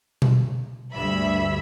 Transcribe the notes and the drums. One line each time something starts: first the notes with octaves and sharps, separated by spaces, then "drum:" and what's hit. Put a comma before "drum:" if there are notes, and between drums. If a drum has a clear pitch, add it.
drum: tom B2
D2 G2 E5 B5